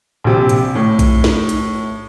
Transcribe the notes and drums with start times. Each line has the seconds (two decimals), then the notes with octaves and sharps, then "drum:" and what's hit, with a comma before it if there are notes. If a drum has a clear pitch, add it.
0.24 A#1 C3
0.49 drum: hi-hat
0.75 A2
0.99 drum: kick A#1, hi-hat
1.24 drum: snare
1.49 drum: hi-hat